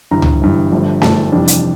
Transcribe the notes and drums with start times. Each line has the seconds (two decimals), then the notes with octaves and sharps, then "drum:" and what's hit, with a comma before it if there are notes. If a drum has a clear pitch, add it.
0.11 G1 G2 E3 A#5
0.22 drum: tom C#2
0.41 G1 G2 E3
0.72 G1 G2 F3 A3 D4
1.02 G1 G2 F3 A3 D4 A5, drum: snare
1.32 F1 F2 E3 G3 D4
1.48 drum: hi-hat